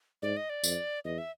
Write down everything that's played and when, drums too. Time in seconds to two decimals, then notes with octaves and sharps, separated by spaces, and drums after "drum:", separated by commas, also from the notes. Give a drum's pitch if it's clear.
0.22 G#2 D5
0.37 D#5
0.50 D5
0.64 F2, drum: tambourine
1.05 E2 D#5
1.18 E5